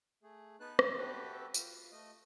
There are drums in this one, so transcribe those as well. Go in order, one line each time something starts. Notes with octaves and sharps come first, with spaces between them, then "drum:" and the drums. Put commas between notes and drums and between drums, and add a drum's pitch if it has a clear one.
A3 G#4
B3 D#4 B4 A5 F#6
D#4 C5, drum: rim click
F#4 G4 A4 B4 E5
F4, drum: tambourine
A3 D#5